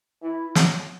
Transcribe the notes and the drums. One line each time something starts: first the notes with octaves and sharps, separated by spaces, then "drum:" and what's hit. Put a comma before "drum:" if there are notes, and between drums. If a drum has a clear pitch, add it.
E3 E4
F#3, drum: snare